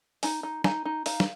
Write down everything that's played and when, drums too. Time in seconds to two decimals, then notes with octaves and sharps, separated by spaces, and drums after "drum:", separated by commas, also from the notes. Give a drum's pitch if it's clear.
0.23 D#4 G#5, drum: open hi-hat
0.43 D#4
0.64 D#4 G#5, drum: snare
0.85 D#4
1.06 D#4 F5, drum: open hi-hat
1.20 drum: snare